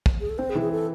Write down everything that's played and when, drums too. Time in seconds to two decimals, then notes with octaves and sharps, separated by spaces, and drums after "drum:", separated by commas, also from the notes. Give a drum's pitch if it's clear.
0.06 drum: kick
0.20 G#4
0.29 A4
0.38 C4 C5
0.50 G#4
0.55 E3
0.61 G#4
0.72 A4